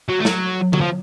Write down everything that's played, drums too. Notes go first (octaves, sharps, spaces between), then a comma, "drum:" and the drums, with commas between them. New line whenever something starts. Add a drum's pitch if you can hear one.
F#3
A3
F#3, drum: snare
F#3, drum: tom D3
F3